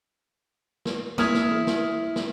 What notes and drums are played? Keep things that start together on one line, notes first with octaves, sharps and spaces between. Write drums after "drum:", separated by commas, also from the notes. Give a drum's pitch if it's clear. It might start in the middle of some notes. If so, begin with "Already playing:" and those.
drum: snare
A#3 E4 D#6 F6 G#6, drum: snare
drum: snare
drum: tom
drum: snare
drum: snare